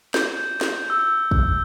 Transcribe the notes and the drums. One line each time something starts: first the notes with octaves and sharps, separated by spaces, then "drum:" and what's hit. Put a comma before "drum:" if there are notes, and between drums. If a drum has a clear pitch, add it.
G6, drum: snare
drum: snare
E6
drum: kick